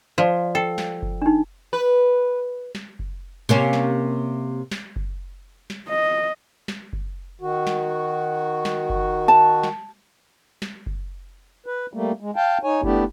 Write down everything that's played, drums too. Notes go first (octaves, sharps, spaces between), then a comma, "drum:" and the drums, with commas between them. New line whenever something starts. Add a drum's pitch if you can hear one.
F3 D5 F5
A4 G5
drum: snare
drum: kick F#1
D4 D#4
B4
drum: snare
drum: kick F#1
C3 A#3 C#4
drum: snare
drum: snare
drum: kick F#1
drum: snare
D#5
drum: snare
drum: kick F#1
D#3 F#4
drum: snare
drum: snare
drum: kick F#1
A5
drum: snare
drum: snare
drum: kick F#1
B4
G3 A3 A#3
G#3
F5 G5 A5
D#4 C#5 G#5
A3 B3 D4 E4 G4, drum: kick F#1